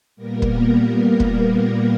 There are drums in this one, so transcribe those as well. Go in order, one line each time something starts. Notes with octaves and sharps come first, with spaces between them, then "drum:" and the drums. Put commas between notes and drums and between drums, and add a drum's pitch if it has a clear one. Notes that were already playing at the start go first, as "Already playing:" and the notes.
A#2 G3 A#3 B3 A#4
drum: kick
drum: kick